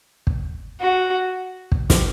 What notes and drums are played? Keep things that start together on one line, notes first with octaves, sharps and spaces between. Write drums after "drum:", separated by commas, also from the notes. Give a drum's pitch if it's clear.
drum: kick
F#4
drum: kick
drum: snare